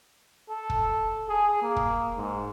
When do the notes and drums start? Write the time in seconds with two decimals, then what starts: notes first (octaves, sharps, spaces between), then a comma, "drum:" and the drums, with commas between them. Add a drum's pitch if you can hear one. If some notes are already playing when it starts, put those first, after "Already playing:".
0.49 A4
0.70 drum: kick
1.29 G#4
1.62 A#3
1.76 drum: kick
2.16 G#2